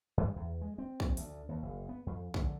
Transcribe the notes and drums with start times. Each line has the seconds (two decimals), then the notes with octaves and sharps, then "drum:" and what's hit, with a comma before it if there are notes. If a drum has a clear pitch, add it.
0.17 G2
0.36 E2
0.61 G#3
0.78 C4
1.00 drum: kick
1.17 D2, drum: hi-hat
1.49 D#2
1.62 F#1
1.89 B3
2.06 F2
2.34 D3, drum: kick